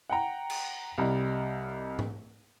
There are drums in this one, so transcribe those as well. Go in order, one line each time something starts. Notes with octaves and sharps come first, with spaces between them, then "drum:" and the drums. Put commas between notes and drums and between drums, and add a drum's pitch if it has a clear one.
F#5 G5 A#5
drum: cymbal
C2 G3 D#5 A#5
drum: tom